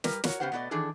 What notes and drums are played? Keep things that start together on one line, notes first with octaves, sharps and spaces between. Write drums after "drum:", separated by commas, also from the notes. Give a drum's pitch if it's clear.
G3 A#4 B4, drum: snare
F#4 A#4 C#5, drum: snare
C#3 F3 B3 G4 C5 F#5
B2 A3 B3 G4 D5 D#5
D#3 E3 D4 G#4 A4